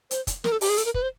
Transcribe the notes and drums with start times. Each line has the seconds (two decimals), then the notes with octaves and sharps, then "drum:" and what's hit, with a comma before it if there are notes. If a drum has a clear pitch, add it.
0.11 C5, drum: hi-hat
0.27 drum: kick, hi-hat
0.44 A#4, drum: snare
0.52 A4
0.61 G4, drum: open hi-hat
0.69 G#4
0.77 A4, drum: hi-hat
0.85 A#4
0.94 B4, drum: kick
1.02 C5